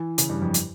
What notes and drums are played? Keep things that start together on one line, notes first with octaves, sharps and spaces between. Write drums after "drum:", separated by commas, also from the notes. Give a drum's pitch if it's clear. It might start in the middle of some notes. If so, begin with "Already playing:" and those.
Already playing: E3
C#3, drum: hi-hat
G2
F2
drum: hi-hat